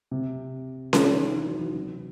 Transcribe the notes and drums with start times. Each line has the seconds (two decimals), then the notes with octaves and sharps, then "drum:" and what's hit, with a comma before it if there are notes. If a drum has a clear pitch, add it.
0.11 C3
0.93 C3, drum: snare C#4
1.13 D#3
1.34 E3
1.46 F#3
1.59 E3
1.75 C3